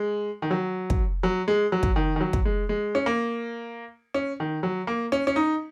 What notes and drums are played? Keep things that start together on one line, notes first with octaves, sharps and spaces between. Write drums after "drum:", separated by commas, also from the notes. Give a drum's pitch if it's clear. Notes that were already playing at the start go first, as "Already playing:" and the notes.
Already playing: G#3
D#3
F#3
drum: kick
F#3
G#3
F#3
drum: kick
D#3
D#3
F#3
drum: kick
G#3
G#3
C#4
A#3
C#4
D#3
F#3
A#3
C#4
C#4
D#4